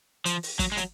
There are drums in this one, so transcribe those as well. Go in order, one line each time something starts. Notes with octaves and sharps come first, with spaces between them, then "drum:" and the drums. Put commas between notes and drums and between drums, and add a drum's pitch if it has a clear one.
F3, drum: hi-hat
drum: open hi-hat
F#3, drum: kick, hi-hat
G#3
F#3, drum: hi-hat